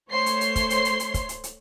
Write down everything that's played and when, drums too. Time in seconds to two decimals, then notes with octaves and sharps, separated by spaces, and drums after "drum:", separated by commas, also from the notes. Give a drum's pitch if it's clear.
0.12 A3 C5 C#5 C6 C7
0.26 drum: hi-hat
0.41 drum: hi-hat
0.56 drum: kick, hi-hat
0.70 drum: hi-hat
0.85 drum: hi-hat
1.00 drum: hi-hat
1.14 drum: kick, hi-hat
1.29 drum: hi-hat
1.44 drum: hi-hat